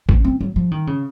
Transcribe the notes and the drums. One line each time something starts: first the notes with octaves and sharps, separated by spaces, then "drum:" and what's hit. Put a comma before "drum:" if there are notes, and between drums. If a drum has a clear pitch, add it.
C4, drum: kick A1
C4
F#3
F3
D#3
C#3